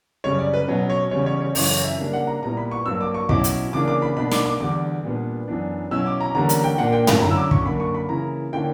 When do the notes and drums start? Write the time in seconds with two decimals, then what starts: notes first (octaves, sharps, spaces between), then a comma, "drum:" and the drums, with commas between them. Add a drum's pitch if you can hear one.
0.24 F#2 C#3 G3 C#5
0.39 D5
0.53 B4
0.68 B2 F#3 C#4
0.90 C#5
1.11 E2 C#3 G3 C#4 C#5
1.26 C#5
1.41 C#5
1.55 F#2 C#3 E3 C#5, drum: open hi-hat
1.70 C#5
1.85 E5
1.99 C#3 G3 A#3 D4
2.13 F#5
2.27 A#5
2.42 A#2 G3 B3 E4 A#5
2.57 B5
2.71 C#6
2.86 G2 F#3 A#3 E6
3.01 D6
3.14 C#6
3.29 B2 F#3 C#4 E4 D6, drum: kick
3.44 drum: hi-hat
3.73 C#3 E3 A#3 D4 D6
3.88 D6
4.02 B5
4.16 B2 A#3 D4 B5
4.31 D6, drum: snare
4.46 D6
4.60 E2 D3 G3 D6
5.03 A#2 G3 B3 D4
5.48 F#2 E3 B3 D4
5.91 B2 F#3 C#4 E4 E6
6.06 D6
6.20 A#5
6.34 E2 D3 G3 A#3 C#4 A#5
6.49 A#5, drum: hi-hat
6.64 G5
6.78 A#2 A#3 D4 F#5
6.92 G5
7.07 B5, drum: tom
7.22 D3 F#3 C#4 E4 A#5
7.31 E6
7.36 D6
7.51 C#6, drum: kick
7.65 F#2 D3 A#3 B5
7.80 C#6
7.94 B5
8.09 C#3 E3 A#3 E4 A#5
8.52 D3 A#3 C#4 E4 G5